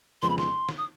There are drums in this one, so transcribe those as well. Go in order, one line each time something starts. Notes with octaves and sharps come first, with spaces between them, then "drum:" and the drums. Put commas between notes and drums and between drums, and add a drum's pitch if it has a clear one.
F2 C#3 F3 G#3 B3 C6
B5
C6, drum: snare
drum: snare
D#6